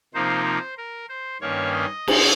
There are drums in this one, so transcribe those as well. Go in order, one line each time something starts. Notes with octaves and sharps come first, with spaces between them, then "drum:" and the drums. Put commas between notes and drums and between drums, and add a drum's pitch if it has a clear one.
C3 F3 A#3 D#4 C5
C5
A#4
C5
G2 D#3 A#3 C#4 C#5
D#5
drum: cymbal